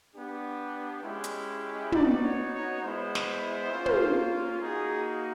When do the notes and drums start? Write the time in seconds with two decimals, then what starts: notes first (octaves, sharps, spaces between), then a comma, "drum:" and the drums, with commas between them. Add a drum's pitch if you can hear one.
0.13 B3 D4 G4
1.03 G#3 C#4 E4 G4
1.24 drum: hi-hat
1.92 B3 D#4 F#4 D5, drum: tom
2.22 C#5
2.52 C#5
2.82 G#3 B3 E4 C5
3.15 drum: snare
3.71 A#3 C#4 F4
3.86 drum: tom
4.61 A#3 D#4 F#4 G#4